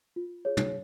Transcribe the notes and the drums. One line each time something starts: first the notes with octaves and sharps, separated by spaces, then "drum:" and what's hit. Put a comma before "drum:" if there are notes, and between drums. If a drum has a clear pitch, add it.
F4
G#4 C#5
drum: tom